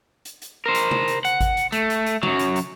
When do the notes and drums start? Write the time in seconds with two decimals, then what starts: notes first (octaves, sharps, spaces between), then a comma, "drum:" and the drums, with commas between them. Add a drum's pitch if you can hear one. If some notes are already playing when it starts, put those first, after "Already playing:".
0.25 drum: hi-hat
0.42 drum: hi-hat
0.66 A#4 C5
0.75 drum: hi-hat
0.91 drum: tom C3
1.08 drum: hi-hat
1.25 F#5, drum: hi-hat
1.41 drum: kick G#1, hi-hat
1.57 drum: hi-hat
1.72 A3, drum: hi-hat
1.90 drum: hi-hat
2.06 drum: hi-hat
2.23 F#2 F#3, drum: tom C3
2.39 drum: hi-hat
2.56 drum: hi-hat